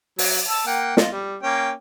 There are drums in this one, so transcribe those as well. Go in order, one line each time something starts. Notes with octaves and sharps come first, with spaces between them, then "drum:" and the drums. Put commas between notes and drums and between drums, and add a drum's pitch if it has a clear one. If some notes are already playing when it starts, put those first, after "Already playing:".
F#3, drum: open hi-hat
A5 E6
A#3 F#5 G5
F4 D#5, drum: snare
G3
A#3 C#4 G5